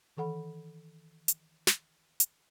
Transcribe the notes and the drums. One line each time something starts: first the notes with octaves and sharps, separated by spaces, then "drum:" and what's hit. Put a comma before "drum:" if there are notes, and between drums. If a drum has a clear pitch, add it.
D#3 E3 A4 F#5 B5
drum: hi-hat
drum: snare
drum: hi-hat